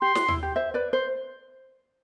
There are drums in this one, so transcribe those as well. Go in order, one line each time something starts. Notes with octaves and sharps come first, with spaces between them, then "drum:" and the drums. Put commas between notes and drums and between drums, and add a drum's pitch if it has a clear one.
G4 C6
F#4, drum: snare
E4, drum: tom D#2
G4
C5 E5
B4 D5
C5